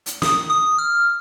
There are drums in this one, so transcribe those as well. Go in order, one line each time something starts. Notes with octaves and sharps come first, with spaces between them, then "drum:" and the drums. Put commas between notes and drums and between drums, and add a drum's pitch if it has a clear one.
drum: hi-hat
D#6, drum: snare
D#6
F6